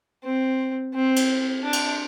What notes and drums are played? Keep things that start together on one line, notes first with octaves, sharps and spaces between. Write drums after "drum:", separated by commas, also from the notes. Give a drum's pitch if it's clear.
C4
C4
drum: cymbal
D4
drum: cymbal